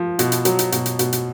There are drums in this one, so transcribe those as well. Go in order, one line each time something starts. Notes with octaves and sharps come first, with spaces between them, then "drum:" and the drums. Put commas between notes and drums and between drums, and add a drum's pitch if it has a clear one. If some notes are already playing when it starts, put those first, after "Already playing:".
Already playing: F3
B2, drum: hi-hat
drum: hi-hat
F#3, drum: hi-hat
drum: hi-hat
B2, drum: hi-hat
drum: hi-hat
B2, drum: hi-hat
drum: hi-hat